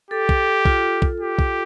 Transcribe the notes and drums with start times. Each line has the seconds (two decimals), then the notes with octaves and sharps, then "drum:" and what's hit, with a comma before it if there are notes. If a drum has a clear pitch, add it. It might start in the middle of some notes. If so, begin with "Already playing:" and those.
0.10 G4 A4
0.29 drum: kick
0.65 F4, drum: kick
1.02 drum: kick
1.20 G4
1.39 drum: kick